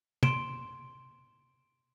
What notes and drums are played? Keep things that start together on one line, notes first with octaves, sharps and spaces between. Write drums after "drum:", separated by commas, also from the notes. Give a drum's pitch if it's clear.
C6 D7 E7, drum: tom